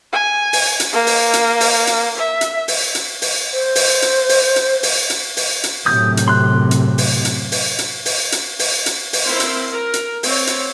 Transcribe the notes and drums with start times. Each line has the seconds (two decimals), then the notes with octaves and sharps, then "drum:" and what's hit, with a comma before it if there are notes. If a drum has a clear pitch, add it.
0.12 G#5
0.53 drum: open hi-hat
0.80 drum: hi-hat
0.93 A#3
1.07 drum: open hi-hat
1.33 drum: hi-hat
1.60 drum: open hi-hat
1.87 drum: hi-hat
2.17 E5
2.41 drum: hi-hat
2.68 drum: open hi-hat
2.95 drum: hi-hat
3.22 drum: open hi-hat
3.53 C5
3.75 drum: open hi-hat
4.02 drum: hi-hat
4.29 drum: open hi-hat
4.56 drum: hi-hat
4.83 drum: open hi-hat
5.10 drum: hi-hat
5.37 drum: open hi-hat
5.64 drum: hi-hat
5.86 F#2 A2 C3 D#6 G6
6.17 drum: hi-hat
6.28 C6 F#6
6.71 drum: hi-hat
6.98 drum: open hi-hat
7.25 drum: hi-hat
7.52 drum: open hi-hat
7.79 drum: hi-hat
8.05 drum: open hi-hat
8.32 drum: hi-hat
8.59 drum: open hi-hat
8.86 drum: hi-hat
9.13 drum: open hi-hat
9.26 C4 E4 A#4 C5 C6
9.40 drum: hi-hat
9.72 A#4
9.94 drum: hi-hat
10.23 C4 C#5, drum: open hi-hat
10.47 drum: hi-hat